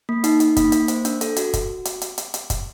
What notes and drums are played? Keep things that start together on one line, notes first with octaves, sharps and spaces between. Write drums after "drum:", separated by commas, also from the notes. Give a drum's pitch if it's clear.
A#3
D#4, drum: hi-hat
D#4, drum: hi-hat
A#3, drum: kick, hi-hat
A#3, drum: hi-hat
C5, drum: hi-hat
D4, drum: hi-hat
A4, drum: hi-hat
F#4, drum: hi-hat
F#4, drum: kick, hi-hat
F#4
drum: hi-hat
drum: hi-hat
drum: hi-hat
drum: hi-hat
drum: kick, hi-hat